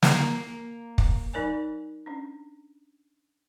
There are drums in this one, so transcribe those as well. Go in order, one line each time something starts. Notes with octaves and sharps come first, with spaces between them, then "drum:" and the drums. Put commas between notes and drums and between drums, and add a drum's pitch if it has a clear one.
A#3, drum: snare
drum: kick
F#3 D#4 A#4 C#5 G#5
C#4 D4